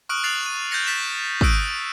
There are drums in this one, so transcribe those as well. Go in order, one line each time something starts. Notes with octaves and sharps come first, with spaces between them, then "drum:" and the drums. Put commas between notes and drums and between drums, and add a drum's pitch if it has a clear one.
C#6 D#6 F6 F#6 D7 F#7
F6 F#6 A6 C7 F7 F#7
D#7
F6 G6 A6 A#6 C#7
F#6 A6 B6 E7
C#6 D#6 E6 F#6 D7 D#7, drum: kick